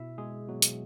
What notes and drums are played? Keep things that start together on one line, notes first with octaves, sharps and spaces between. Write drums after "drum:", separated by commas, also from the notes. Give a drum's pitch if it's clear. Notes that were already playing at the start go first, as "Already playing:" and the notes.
Already playing: B2 E4 E5
B2 G#3 G#4
B2 F#3 F#4
drum: hi-hat